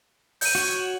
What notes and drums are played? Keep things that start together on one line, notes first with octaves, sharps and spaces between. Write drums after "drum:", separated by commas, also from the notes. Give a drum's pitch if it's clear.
G6 D#7, drum: open hi-hat
F#4 C#5